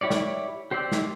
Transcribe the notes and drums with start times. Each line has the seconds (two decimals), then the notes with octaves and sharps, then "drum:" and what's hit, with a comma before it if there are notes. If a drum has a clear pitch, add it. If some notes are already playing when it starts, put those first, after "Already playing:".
0.01 E4 G4 C#5 D5
0.10 drum: snare
0.71 G4 C5 D5 G5 E6
0.92 drum: snare